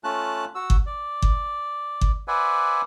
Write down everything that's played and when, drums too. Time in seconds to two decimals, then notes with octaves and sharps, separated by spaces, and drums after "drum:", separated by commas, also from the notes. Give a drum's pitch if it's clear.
0.04 A3 C#4 F4 A5 F#6
0.55 F#4 E6
0.70 drum: kick G1
0.86 D5
1.22 drum: kick G1
2.01 drum: kick G1
2.28 B4 C5 D5 E5 F#5 G#5